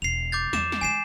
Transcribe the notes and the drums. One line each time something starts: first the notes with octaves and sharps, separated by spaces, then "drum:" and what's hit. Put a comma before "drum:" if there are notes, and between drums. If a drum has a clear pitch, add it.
E1 C7 F7
D6 G6 A6
E2 D6 E7, drum: snare
drum: snare
E3 G#3 G#5 C7 E7